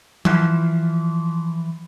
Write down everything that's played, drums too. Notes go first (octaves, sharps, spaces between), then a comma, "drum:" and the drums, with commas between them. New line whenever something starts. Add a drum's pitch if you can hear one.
E3 F3, drum: tom F#3